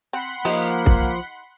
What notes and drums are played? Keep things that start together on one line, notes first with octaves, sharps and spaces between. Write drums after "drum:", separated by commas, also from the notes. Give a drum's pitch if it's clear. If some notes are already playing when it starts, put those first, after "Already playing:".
C4 F#5 B5 C6
F3 A#3 D#4 G4 D#5, drum: open hi-hat
drum: kick